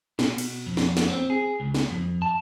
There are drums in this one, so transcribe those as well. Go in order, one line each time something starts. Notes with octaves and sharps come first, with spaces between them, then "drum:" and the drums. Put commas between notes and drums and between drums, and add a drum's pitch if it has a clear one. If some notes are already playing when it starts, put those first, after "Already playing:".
B2, drum: snare
drum: cymbal
F2
drum: snare
drum: snare
C4
G#4
C#2
drum: snare
F2
A5